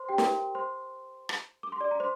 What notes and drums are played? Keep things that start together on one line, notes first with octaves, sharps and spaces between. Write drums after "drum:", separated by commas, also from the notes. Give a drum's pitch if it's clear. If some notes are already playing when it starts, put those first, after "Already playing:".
Already playing: C5 C6
G4 G5
A#4 A#5, drum: snare
C5 C6
drum: rim click
D6
C6
D5 D6
A#5
C5 C6